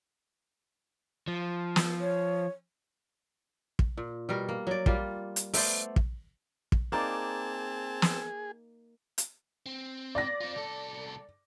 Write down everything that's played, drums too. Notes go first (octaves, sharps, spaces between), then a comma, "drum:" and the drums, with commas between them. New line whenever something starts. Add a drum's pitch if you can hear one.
F3
drum: snare
C#5
drum: kick
A#2
B2 G3 A#4
A#3
F#3 D5
G3 A#3 F4, drum: kick
drum: hi-hat
A3 B3 C5 D5, drum: open hi-hat
drum: kick
drum: kick
A#3 C4 D#4 G#4 D5 A5
drum: snare
drum: hi-hat
C4
D5 A#6
C4 F4
C2 A4